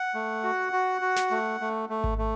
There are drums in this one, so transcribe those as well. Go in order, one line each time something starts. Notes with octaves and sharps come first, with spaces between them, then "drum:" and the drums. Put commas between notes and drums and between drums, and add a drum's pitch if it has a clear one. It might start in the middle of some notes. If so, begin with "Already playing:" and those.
Already playing: F#5
A3
F#4
F#4
F#4
drum: snare
A3
A3
A3
drum: kick G#1
A3